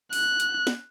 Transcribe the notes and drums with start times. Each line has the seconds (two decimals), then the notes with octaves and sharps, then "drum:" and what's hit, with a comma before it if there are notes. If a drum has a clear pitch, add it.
0.13 F#6, drum: open hi-hat
0.40 drum: hi-hat
0.67 drum: snare